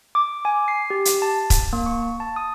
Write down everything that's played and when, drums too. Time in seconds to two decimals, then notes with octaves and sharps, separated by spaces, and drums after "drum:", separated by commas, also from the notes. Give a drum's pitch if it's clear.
0.15 D6
0.45 G#5
0.68 C7
0.90 G4
1.05 drum: hi-hat
1.22 A5
1.50 drum: kick C#1, hi-hat
1.73 A#3
1.86 C#6
2.20 A5
2.36 D#6